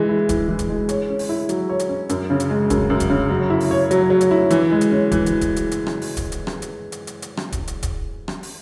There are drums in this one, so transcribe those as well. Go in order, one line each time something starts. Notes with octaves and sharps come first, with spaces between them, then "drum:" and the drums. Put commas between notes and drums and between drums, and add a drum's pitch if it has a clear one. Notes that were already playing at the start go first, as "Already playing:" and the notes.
Already playing: E3 G#3
E4
E3, drum: kick D1, hi-hat
E3
drum: kick D1, hi-hat
G#3
C#5, drum: hi-hat
C#4
drum: open hi-hat
E4
F#3, drum: hi-hat
C#5
drum: hi-hat
C#4
F#2, drum: hi-hat
C#3
drum: hi-hat
G#3
F#2, drum: kick D1, hi-hat
F#2
drum: kick D1, hi-hat
C#3
F#3
E4
drum: open hi-hat
C#5
F#3, drum: hi-hat
F#3
drum: hi-hat
E4
E3, drum: hi-hat
G#3
drum: hi-hat
C#4
E3, drum: kick D1, hi-hat
drum: hi-hat
drum: kick D1, hi-hat
drum: hi-hat
drum: hi-hat
drum: rim click
drum: open hi-hat
drum: kick D1, hi-hat
drum: hi-hat
drum: rim click
drum: hi-hat
drum: hi-hat
drum: hi-hat
drum: hi-hat
drum: rim click
drum: kick D1, hi-hat
drum: hi-hat
drum: kick D1, hi-hat
drum: rim click
drum: open hi-hat